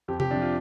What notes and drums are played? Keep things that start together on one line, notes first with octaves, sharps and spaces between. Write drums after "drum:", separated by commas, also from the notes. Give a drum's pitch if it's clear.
F2 G4
G4, drum: tom C3
C3 F3 D4
F4